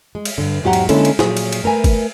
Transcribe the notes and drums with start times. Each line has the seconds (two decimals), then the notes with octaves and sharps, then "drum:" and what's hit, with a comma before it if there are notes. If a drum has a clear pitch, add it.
0.15 G#3
0.25 drum: cymbal
0.38 G2 D3
0.63 E2 G#2 F#3 G4 F#5 A#5
0.73 drum: cymbal
0.89 D3 G#3 A#3 C#4 E4 A4, drum: cymbal
1.05 drum: cymbal
1.19 A#2 F3 F#3 G#4, drum: snare E4
1.37 drum: cymbal
1.52 drum: cymbal
1.64 A3 A#4 B4 G#5
1.84 drum: kick, cymbal